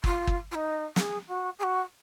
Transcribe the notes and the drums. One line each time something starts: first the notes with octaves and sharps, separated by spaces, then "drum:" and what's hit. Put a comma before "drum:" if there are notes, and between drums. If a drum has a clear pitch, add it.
F4, drum: kick
drum: kick
F4
D#4
G#4, drum: snare
F#4
G#4
F#4